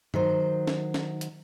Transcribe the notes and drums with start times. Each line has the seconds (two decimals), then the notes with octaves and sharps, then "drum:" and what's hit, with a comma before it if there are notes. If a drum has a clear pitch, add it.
0.14 D#3 F#3 C5, drum: tom G2
0.67 drum: snare
0.94 drum: snare
1.21 drum: hi-hat